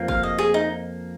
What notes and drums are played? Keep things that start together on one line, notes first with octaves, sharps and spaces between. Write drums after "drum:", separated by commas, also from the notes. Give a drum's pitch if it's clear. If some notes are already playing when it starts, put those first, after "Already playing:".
Already playing: F2 F3 A#3
F5, drum: kick
D#5
G#4
D#4